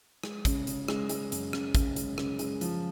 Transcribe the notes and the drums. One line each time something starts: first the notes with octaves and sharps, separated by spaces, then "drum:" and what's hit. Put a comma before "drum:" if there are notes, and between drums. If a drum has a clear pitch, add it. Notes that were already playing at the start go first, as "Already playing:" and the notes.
G#3, drum: rim click
C#3, drum: kick, hi-hat
C#3, drum: hi-hat
G#3, drum: rim click
G#3, drum: hi-hat
F#2, drum: hi-hat
F#2, drum: rim click
C#3, drum: kick, hi-hat
G#3, drum: hi-hat
C#3, drum: rim click
G#3, drum: hi-hat
F3, drum: hi-hat